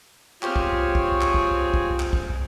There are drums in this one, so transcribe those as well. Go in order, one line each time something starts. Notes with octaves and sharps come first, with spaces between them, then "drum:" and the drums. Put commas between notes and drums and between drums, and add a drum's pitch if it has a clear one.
C4 F4 G4 G#4 C5 C#5 F6, drum: clap
drum: kick
drum: kick
drum: clap
drum: kick
drum: kick
drum: clap
drum: kick